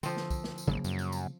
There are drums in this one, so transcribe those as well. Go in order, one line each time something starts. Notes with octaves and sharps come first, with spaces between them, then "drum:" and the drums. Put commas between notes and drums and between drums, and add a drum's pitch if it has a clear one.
D3 F3 C4, drum: tambourine
drum: snare
drum: kick B1, tambourine
drum: snare
drum: tambourine
G#1 C#3 F#3 A#3
F#2, drum: tambourine
drum: tambourine
drum: tambourine